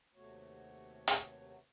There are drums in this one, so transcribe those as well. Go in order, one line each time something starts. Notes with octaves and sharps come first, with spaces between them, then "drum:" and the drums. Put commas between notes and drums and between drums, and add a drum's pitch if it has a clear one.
D#2 C3 A3 B3 F#4 C#5
drum: hi-hat